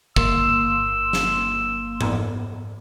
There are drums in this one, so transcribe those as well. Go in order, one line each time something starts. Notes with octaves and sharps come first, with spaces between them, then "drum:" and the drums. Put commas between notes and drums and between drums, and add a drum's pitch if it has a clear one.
G1 A#3 C6 E6, drum: kick
drum: snare
drum: tom G#2